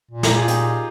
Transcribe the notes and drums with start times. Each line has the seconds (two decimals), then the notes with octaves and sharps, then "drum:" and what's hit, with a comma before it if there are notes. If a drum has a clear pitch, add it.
0.11 A#2
0.23 G4 A#4, drum: snare
0.36 F4 G#4
0.48 D#4 G4, drum: hi-hat